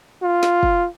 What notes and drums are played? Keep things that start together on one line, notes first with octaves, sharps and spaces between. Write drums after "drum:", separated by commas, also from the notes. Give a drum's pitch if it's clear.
F4
drum: snare
drum: kick